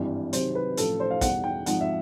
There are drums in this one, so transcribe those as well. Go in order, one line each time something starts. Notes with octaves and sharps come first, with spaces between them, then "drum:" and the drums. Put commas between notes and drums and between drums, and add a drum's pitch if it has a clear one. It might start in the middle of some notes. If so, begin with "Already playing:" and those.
Already playing: G#1 G2 E3 G3
C2 C3 D#3 F#3 C5, drum: hi-hat
B4
A1 A2 F3 A4, drum: hi-hat
C5
F5
E2 B2 G3 F#5, drum: kick, hi-hat
G5
G#1 G#2 F3 F#5, drum: hi-hat
E5